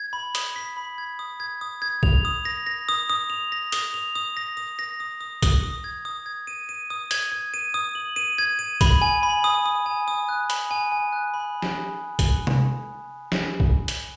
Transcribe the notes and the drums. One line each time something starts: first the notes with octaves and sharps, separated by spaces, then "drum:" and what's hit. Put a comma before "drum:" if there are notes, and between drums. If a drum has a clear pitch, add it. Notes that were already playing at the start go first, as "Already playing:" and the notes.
Already playing: G#6
B5
D#6, drum: hi-hat
B6
B5
G#6
D#6
G#6
D#6
G#6
F7, drum: kick
D#6
A#6
A#6
D#6
D#6
F7
A#6
D#6, drum: hi-hat
F7
D#6
A#6
D#6
A#6
D#6
D#6
D#6, drum: kick, hi-hat
D#6
G#6
D#6
G#6
D#7
D#7
D#6
G#6, drum: hi-hat
G#6
D#7
D#6
F#7
D#7
G#6
D#7
B5, drum: kick, hi-hat
G#5
B5
D#6
D#6
G#5
D#6
F#6
B5, drum: hi-hat
G#5
G#5
F#6
B5
drum: snare
drum: kick, hi-hat
drum: tom C3
drum: snare
drum: kick
drum: hi-hat